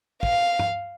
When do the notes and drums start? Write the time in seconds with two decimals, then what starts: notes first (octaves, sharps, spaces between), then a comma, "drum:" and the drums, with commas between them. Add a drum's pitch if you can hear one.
0.23 F5, drum: kick
0.59 drum: tom